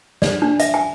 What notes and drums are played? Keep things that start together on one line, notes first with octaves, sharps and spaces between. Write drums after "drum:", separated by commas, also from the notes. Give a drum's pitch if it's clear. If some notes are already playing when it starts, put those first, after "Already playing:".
D5, drum: snare
D4
E5, drum: hi-hat
G#5